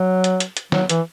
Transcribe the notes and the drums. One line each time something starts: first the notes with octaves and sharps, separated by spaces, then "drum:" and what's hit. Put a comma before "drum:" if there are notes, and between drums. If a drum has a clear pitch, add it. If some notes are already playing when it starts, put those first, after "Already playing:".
Already playing: F#3
drum: hi-hat
drum: hi-hat
drum: hi-hat
F#3, drum: snare
E3, drum: hi-hat